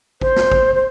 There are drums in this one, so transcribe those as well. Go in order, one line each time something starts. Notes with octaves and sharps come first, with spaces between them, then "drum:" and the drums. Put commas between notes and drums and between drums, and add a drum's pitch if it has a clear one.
C5, drum: kick
drum: snare
drum: kick
C5